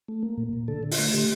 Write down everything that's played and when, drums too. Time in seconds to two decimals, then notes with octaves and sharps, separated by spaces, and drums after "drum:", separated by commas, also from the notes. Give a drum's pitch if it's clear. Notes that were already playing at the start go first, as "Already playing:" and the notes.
0.08 A3
0.23 A#3
0.38 A#2
0.53 A#2
0.68 D3 A4
0.83 D3
0.91 F4, drum: open hi-hat
0.99 A3
1.13 D3 G4